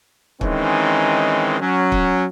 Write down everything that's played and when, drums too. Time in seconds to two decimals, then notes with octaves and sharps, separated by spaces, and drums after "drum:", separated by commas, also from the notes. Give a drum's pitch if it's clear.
0.41 D#3 E3 G#3 C4 C#4 D#4, drum: kick
1.60 F#3 C#4
1.92 drum: kick